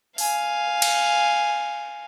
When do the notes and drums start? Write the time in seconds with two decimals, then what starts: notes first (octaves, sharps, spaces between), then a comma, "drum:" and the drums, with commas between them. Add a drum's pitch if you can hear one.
0.18 F5 G#5, drum: open hi-hat
0.82 drum: cymbal